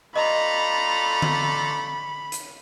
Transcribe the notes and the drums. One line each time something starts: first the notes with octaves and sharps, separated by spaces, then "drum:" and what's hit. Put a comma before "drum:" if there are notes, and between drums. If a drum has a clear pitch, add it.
A3 F4 A4 D5 D#5 A#5 B5
drum: tom D3
drum: hi-hat